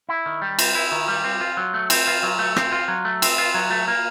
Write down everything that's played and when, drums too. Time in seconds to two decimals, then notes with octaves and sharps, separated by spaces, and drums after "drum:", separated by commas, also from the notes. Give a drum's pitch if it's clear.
0.09 E4
0.26 D#3
0.42 G3
0.59 C4, drum: cymbal
0.75 E4
0.92 D#3
1.08 G3
1.24 C4
1.41 F4
1.57 F#3
1.74 A3
1.90 C4, drum: cymbal
2.07 F4
2.23 F#3
2.39 A3
2.56 C4, drum: rim click
2.72 F4
2.88 F#3
3.05 A3
3.22 C4, drum: cymbal
3.38 F4
3.54 F#3
3.70 A3
3.88 A#3